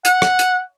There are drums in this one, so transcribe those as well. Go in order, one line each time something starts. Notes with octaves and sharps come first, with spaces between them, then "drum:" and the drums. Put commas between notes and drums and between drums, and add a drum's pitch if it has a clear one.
F#5, drum: hi-hat
drum: rim click
drum: hi-hat